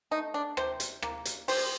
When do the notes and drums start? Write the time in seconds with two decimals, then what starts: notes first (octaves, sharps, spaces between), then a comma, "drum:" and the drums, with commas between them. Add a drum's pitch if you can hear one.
0.11 A3 D#4
0.34 D4
0.57 C3 C5, drum: rim click
0.80 drum: hi-hat
1.02 A#3, drum: rim click
1.25 drum: hi-hat
1.48 G3 C5, drum: open hi-hat